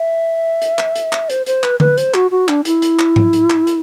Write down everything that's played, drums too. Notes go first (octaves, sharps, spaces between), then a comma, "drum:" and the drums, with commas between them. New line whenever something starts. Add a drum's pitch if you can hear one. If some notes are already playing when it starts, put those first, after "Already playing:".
Already playing: E5
drum: hi-hat
drum: clap
drum: hi-hat
drum: clap
C5, drum: hi-hat
C5, drum: hi-hat
B4, drum: clap
B4, drum: tom D3
C5, drum: hi-hat
F#4, drum: clap
F#4
D4, drum: clap
E4, drum: hi-hat
drum: hi-hat
drum: clap
drum: tom G#2
drum: hi-hat
drum: clap
drum: hi-hat